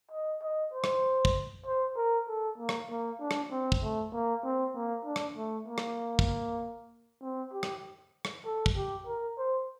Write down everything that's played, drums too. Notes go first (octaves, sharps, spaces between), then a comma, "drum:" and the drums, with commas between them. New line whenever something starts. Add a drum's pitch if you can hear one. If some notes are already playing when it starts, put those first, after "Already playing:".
D#5
D#5
C5
drum: rim click
drum: kick
C5
A#4
A4
A#3
drum: rim click
A#3
D4
drum: rim click
C4
drum: kick
A3
A#3
C4
A#3
D4
drum: rim click
A3
A#3
drum: rim click
drum: kick
C4
G4
drum: rim click
drum: rim click
A4
drum: kick
G4
A#4
C5